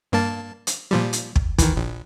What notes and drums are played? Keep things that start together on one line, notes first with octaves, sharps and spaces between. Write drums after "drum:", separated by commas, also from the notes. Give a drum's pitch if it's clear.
G2 A#3 A5
drum: hi-hat
A#2 F3 G3
drum: hi-hat
drum: kick
D#3 E3, drum: kick, hi-hat
A#1